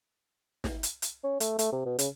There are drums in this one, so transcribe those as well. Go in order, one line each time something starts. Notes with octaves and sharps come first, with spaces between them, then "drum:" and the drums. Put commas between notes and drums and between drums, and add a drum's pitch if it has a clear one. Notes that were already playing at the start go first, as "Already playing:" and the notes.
drum: snare
drum: hi-hat
drum: hi-hat
C#4
A3, drum: hi-hat
A3, drum: hi-hat
C3
B2
C#3, drum: hi-hat